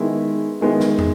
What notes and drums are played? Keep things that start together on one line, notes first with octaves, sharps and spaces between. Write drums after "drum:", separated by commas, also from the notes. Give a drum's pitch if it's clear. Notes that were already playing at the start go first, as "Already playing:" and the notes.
Already playing: D#3 G#3 B3 E4
D#3 G#3 B3 E4
drum: snare
drum: tom